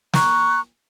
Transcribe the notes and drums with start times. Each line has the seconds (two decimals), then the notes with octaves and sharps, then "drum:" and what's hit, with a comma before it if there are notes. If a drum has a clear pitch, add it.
0.13 A#5 C#6 F#6, drum: snare